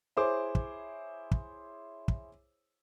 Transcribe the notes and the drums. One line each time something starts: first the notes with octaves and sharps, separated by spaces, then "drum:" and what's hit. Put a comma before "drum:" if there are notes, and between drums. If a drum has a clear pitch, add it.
E4 G#4 C5 C#5 D6
drum: kick
drum: kick
drum: kick